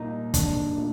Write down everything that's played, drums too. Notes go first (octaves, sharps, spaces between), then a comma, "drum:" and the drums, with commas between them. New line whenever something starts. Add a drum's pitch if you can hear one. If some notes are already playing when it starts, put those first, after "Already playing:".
Already playing: A#2 G3 A#3 D#4
D4, drum: kick, hi-hat
A#2 A3